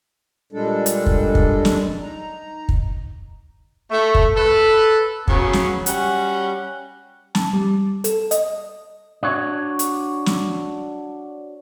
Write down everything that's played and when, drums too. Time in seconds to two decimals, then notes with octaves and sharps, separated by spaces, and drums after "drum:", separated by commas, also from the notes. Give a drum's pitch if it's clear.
0.53 A#2 G3 G#3 D4 A4
0.86 drum: hi-hat
1.06 drum: kick
1.35 drum: kick
1.65 drum: snare
2.02 D#4 A#5
2.69 drum: kick
3.91 A3
4.15 drum: kick
4.36 A4 B4
5.28 C#3 F#3 B3 C#4, drum: kick
5.53 drum: snare
5.86 G3 C#4 F#4 F#5, drum: hi-hat
7.35 A5, drum: snare
7.53 G3
8.04 A4, drum: hi-hat
8.31 D#5, drum: hi-hat
9.23 D4 F#4 C#5
9.79 drum: hi-hat
10.26 drum: snare